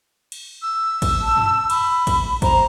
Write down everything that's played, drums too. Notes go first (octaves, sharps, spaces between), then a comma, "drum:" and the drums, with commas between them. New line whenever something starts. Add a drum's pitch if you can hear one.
drum: cymbal
E6
drum: kick A1, cymbal
A5
drum: tom
B5, drum: cymbal
drum: kick A1, cymbal
C5 A#5, drum: kick A1, cymbal